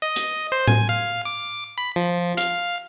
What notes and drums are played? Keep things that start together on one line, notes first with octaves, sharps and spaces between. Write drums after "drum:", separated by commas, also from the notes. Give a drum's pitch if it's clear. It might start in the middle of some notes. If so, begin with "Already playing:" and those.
D#5
drum: hi-hat
C5
G#5, drum: tom A2
F5
D6
B5
F3
F5, drum: hi-hat